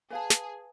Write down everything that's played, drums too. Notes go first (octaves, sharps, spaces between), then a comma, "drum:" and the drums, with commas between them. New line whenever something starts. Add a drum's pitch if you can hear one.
G#4 B4 F5 A5
drum: snare